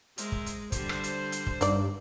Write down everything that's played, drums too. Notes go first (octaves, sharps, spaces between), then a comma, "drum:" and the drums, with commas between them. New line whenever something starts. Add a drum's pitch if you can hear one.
G#3 A#4 C5 E5, drum: hi-hat
drum: kick
drum: hi-hat
D3 G3 C5, drum: kick, hi-hat
drum: rim click
drum: hi-hat
drum: hi-hat
drum: kick
G2 D#4 D5, drum: hi-hat